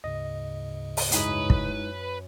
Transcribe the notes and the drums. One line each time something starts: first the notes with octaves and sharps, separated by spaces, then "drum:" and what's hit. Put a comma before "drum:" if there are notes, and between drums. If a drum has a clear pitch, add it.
D2 G#2 C#3 D#5
drum: open hi-hat
F#2 G#3 D#4 E4 B4 C#5 D#6, drum: hi-hat
drum: kick